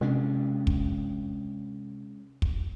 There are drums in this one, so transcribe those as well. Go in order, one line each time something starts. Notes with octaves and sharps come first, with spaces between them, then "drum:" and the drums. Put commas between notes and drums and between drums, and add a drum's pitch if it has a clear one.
C3 G#3 C#4 D4
drum: kick
drum: kick